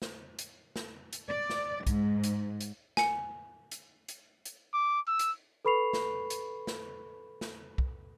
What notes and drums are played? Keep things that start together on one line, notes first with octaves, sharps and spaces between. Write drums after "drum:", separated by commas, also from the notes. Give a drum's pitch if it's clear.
drum: snare
drum: hi-hat
drum: snare
drum: hi-hat
D5
drum: snare
G#2, drum: kick, hi-hat
drum: hi-hat
drum: hi-hat
G#5 C#7, drum: snare
drum: hi-hat
drum: hi-hat
drum: hi-hat
D6
E6
drum: hi-hat
A4 B4 B5 C#6 C7 F7
drum: snare
drum: hi-hat
drum: snare
drum: snare
drum: kick